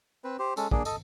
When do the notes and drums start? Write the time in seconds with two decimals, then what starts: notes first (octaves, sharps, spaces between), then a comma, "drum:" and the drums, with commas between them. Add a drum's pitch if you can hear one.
0.24 C4 B4
0.39 G4 C5
0.57 G#3 C#4 A4, drum: tambourine
0.71 A#3 D4 G#4, drum: kick
0.85 A4 D#5, drum: tambourine